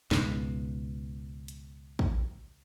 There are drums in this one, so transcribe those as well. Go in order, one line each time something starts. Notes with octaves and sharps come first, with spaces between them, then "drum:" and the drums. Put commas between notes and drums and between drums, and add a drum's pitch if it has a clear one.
C#2 G#2 B2, drum: snare
drum: hi-hat
drum: kick